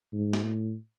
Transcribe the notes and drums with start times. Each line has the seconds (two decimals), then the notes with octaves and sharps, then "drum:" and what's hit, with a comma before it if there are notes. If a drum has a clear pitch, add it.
0.13 G#2
0.33 drum: snare
0.43 A2